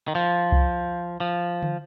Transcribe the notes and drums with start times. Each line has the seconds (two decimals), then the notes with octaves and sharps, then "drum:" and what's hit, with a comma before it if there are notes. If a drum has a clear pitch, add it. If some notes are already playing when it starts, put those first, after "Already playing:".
0.08 D#3
0.15 F3
0.52 drum: kick C2
1.20 F3
1.63 drum: tom D3